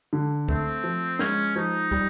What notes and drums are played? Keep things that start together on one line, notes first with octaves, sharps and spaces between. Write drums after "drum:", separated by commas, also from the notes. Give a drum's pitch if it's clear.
D3
A3 C4, drum: kick
F3
G#3 C#4, drum: snare
F3 D#4
G3, drum: kick